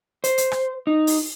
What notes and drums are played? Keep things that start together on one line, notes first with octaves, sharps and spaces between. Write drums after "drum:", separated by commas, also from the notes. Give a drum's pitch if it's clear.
C5, drum: hi-hat
drum: hi-hat
drum: rim click
D#4
drum: open hi-hat